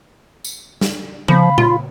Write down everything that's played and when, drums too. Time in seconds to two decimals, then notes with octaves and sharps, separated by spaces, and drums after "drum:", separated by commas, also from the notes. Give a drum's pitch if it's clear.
0.44 drum: tambourine
0.81 drum: snare
1.28 F3 F5 B5, drum: tom C#3
1.58 F4, drum: tom A#2